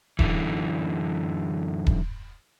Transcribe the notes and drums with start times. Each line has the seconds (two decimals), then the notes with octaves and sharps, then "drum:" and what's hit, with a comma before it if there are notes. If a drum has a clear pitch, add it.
0.19 F#2 D3 E3, drum: kick D#1
1.87 drum: kick D#1